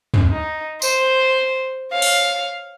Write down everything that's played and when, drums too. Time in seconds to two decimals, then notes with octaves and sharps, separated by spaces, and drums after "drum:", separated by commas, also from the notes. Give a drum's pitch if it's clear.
0.14 drum: tom
0.30 D#4
0.82 C5, drum: tambourine
1.92 C#5 F5
2.02 drum: open hi-hat